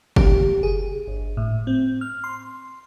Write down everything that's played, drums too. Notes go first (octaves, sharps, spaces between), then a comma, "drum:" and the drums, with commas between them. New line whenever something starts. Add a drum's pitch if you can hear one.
G4, drum: kick F#1
G#4
G1
A2
C4
F6
C6